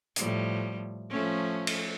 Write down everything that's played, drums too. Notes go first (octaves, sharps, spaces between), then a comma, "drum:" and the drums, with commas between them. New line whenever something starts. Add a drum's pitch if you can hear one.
A2 F3 G3, drum: hi-hat
F3 A3 C#4
drum: cymbal